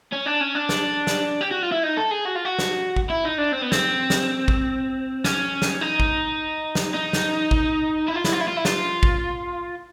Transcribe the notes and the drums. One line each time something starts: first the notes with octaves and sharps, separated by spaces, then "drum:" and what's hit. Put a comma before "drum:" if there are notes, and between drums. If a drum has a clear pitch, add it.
C#4
D4
C#4
D4
drum: snare
drum: snare
G4
F#4
F4
E4
D#4
A4
G#4
F#4
F4
F#4
drum: snare
drum: kick A1
E4
D#4
D4
C4
B3
C4, drum: snare
drum: snare
drum: kick A1
C#4, drum: snare
drum: snare
D#4
drum: kick A1
drum: snare
D#4
drum: snare
drum: kick A1
E4
F4
E4, drum: snare
F4
E4
F4
E4
F4, drum: snare
drum: kick A1